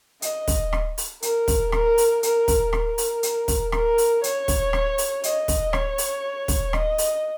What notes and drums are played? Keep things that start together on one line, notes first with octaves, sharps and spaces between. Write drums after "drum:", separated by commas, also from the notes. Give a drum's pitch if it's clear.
D#5, drum: hi-hat
drum: kick, open hi-hat
drum: rim click
drum: open hi-hat
A#4, drum: hi-hat
drum: kick, open hi-hat
A#4, drum: rim click
drum: open hi-hat
A#4, drum: hi-hat
drum: kick, open hi-hat
A#4, drum: rim click
drum: open hi-hat
drum: hi-hat
drum: kick, open hi-hat
A#4, drum: rim click
drum: open hi-hat
C#5, drum: hi-hat
drum: kick, open hi-hat
drum: rim click
drum: open hi-hat
D#5, drum: hi-hat
drum: kick, open hi-hat
C#5, drum: rim click
drum: open hi-hat
drum: kick, open hi-hat
D#5, drum: rim click
drum: open hi-hat